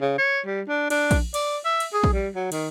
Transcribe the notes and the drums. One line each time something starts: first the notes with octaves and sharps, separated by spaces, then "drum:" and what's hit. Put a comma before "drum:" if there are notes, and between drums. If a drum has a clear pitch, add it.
C#3
C#5
G3
D4
D4, drum: cymbal
drum: kick A#1, cymbal
D5, drum: cymbal
E5
drum: cymbal
G#4
drum: kick A#1
G3
F#3
D#3, drum: cymbal